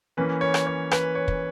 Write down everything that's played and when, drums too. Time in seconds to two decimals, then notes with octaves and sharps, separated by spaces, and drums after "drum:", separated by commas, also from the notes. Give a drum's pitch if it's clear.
0.17 E3 A#3 C#4 B4
0.41 C#5
0.54 drum: rim click
0.67 C#5
0.91 B4, drum: rim click
1.15 C#5
1.28 drum: kick